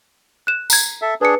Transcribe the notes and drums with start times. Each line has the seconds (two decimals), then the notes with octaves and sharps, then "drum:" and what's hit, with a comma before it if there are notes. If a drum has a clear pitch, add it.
0.47 F#6 E7
0.70 A#5 G#6, drum: tambourine
1.02 A4 E5
1.21 D4 G#4 B4 C#7